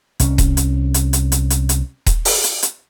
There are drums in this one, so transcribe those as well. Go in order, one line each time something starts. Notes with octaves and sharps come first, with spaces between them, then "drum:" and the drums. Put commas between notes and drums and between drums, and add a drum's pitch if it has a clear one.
C2 G3 C#4, drum: hi-hat
drum: kick D#1, hi-hat
drum: hi-hat
drum: hi-hat
drum: hi-hat
drum: hi-hat
drum: hi-hat
drum: hi-hat
drum: kick D#1, hi-hat
drum: open hi-hat
drum: hi-hat
drum: hi-hat